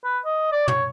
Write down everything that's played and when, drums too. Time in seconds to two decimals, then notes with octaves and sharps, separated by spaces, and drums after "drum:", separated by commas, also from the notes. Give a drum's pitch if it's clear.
0.04 B4
0.25 D#5
0.52 D5
0.68 C#5, drum: tom